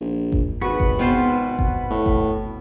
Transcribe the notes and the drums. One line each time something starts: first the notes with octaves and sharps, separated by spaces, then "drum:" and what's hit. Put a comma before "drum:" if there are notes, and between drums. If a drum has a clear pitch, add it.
A#1
drum: kick G1
G#1 B3 F#4 B4
drum: kick G1
B2 C4 F4 F#4 C5
drum: kick G1
A2
drum: kick G1